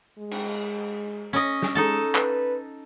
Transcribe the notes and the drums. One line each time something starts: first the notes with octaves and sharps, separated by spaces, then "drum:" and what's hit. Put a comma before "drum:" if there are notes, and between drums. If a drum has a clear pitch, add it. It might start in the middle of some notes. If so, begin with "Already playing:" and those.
G#3
drum: cymbal
C#4 D#5
drum: snare
G#3 D#4 A4 A5
B4, drum: clap